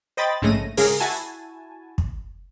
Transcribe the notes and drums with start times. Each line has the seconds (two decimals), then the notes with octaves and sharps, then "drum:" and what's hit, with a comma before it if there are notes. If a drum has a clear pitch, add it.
0.17 C5 D#5 G5 B5 A6
0.42 A#1 G#2 C#3 A3 A#6 D#7
0.77 G#1 C#3 G#4 A#4, drum: open hi-hat
1.00 E4 F#4 G#5 A5
1.98 drum: kick